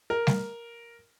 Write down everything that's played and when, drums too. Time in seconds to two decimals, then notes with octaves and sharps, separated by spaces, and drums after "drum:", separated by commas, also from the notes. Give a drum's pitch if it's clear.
0.10 A#4
0.27 drum: snare G3